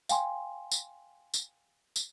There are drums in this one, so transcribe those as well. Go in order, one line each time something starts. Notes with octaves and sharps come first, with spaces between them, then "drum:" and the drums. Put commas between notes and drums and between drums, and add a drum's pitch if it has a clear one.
F5 G5 G#5 C6, drum: tambourine
drum: tambourine
drum: tambourine
drum: tambourine